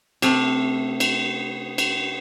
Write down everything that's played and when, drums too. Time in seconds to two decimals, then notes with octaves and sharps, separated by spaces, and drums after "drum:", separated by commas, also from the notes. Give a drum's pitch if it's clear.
0.22 C3 A3, drum: cymbal
1.00 drum: cymbal
1.78 drum: cymbal